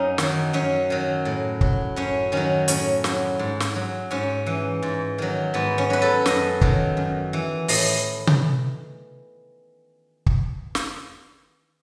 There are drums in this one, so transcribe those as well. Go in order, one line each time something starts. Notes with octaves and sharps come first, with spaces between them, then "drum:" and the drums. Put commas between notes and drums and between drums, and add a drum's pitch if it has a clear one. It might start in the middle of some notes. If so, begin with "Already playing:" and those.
Already playing: F#2 C#4 D#4
D#3 F#3, drum: snare
F#2 C#4
D#3 F#3
A2
F#3, drum: kick
F#2 C#4
D#3 F#3 C#4
A2 C#4, drum: hi-hat
F#3, drum: snare
G#2
drum: snare
F#3
G#2 C#4
E3
G#2
D#3 F#3
G#2 B3
C#4
F#3 B4
A4
F#2 D#5, drum: snare
D#3 F#3, drum: kick
F#2
E3
A2 D#5, drum: open hi-hat
drum: tom C3
drum: kick
drum: snare